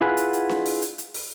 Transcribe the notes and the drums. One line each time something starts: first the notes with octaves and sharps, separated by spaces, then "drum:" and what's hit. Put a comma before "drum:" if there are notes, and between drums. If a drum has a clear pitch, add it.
E4 F4 G#4 B4 F#5
drum: hi-hat
drum: hi-hat
drum: snare D4
drum: open hi-hat
drum: hi-hat
drum: hi-hat
drum: open hi-hat